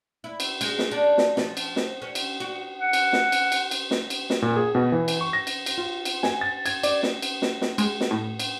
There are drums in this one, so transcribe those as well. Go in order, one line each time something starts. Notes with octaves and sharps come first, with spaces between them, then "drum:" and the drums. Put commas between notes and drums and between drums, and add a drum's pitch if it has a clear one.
E4
drum: cymbal
G#3, drum: cymbal
drum: snare
D4
drum: snare
F3, drum: snare
drum: cymbal
drum: snare
C#4
drum: cymbal
F#4
F#5
drum: cymbal
drum: snare
drum: cymbal
drum: cymbal
drum: cymbal
drum: snare
drum: cymbal
drum: snare
A#2
G#4
B2
E3
drum: cymbal
C#6
A#6
drum: cymbal
drum: cymbal
F4
drum: cymbal
G#5, drum: snare
A6
G#6, drum: cymbal
D5, drum: cymbal
drum: snare
drum: cymbal
drum: snare
drum: snare
G#3, drum: cymbal
drum: snare
A2
drum: cymbal